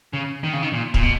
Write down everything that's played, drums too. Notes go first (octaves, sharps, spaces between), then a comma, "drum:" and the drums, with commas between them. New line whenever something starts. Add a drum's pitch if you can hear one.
C#3
D#3
C#3
D#3
A#2
A#2, drum: kick
B2